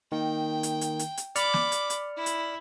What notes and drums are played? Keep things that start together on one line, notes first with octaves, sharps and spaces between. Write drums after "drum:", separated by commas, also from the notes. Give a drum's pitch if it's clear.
D#3 A#3 G5
drum: hi-hat
drum: hi-hat
drum: hi-hat
drum: hi-hat
D5 B5 D6 F6 C#7, drum: hi-hat
drum: snare
drum: hi-hat
drum: hi-hat
E4
drum: hi-hat